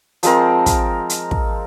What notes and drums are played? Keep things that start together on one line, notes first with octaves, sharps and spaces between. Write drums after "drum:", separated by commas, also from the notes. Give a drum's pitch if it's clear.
F3 G#3 C4 A#4, drum: hi-hat
drum: kick, hi-hat
drum: hi-hat
drum: kick